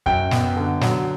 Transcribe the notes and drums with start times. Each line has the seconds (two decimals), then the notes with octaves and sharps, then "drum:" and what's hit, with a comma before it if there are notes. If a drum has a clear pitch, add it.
0.06 F#2 G5, drum: kick
0.31 B3, drum: snare
0.57 D3
0.81 F#3, drum: snare